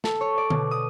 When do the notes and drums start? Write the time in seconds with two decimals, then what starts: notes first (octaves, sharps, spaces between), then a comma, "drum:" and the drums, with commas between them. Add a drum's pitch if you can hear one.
0.04 A4, drum: snare
0.21 C#5
0.38 D5
0.50 B2, drum: tom D3
0.71 D#6